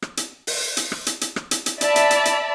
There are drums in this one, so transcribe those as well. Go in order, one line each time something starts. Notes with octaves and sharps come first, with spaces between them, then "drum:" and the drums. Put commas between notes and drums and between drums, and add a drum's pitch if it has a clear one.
drum: rim click
drum: hi-hat
drum: open hi-hat
drum: hi-hat
drum: rim click
drum: hi-hat
drum: hi-hat
drum: rim click
drum: hi-hat
drum: hi-hat
D5 E5 A5 B5, drum: hi-hat
drum: hi-hat
drum: hi-hat
drum: hi-hat